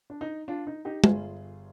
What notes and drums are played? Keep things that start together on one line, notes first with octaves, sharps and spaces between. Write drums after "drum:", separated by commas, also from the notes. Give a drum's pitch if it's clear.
D4
D#4
D4 F4
D#4
D#4 G4
G1 G2 D3 F4 G#4, drum: tom